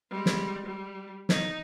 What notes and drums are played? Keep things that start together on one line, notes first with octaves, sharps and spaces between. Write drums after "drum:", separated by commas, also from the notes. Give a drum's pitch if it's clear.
G3 G#3
drum: snare
G3
D#4, drum: snare